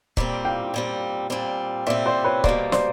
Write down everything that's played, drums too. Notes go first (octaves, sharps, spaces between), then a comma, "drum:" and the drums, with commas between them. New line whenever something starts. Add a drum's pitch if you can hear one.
A#2 G3 C4, drum: kick C#1
F5 G5
A#2 G3 C4
A#2 G3 C4
A#2 G3 C4 D5 E5
C5 D5
B4 C#5
B2 G3 A#3 C5 D5, drum: kick C#1
C5 D5, drum: snare